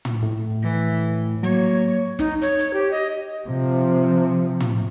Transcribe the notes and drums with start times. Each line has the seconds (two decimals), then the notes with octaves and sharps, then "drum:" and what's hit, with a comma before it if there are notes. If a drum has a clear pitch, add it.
0.05 drum: tom
0.22 A2
0.62 E3
1.43 F#3 A#3 C#5
2.19 D#4, drum: snare
2.42 C#5, drum: hi-hat
2.59 drum: hi-hat
2.74 G4
2.91 D#5
3.46 C3 F3
4.60 drum: tom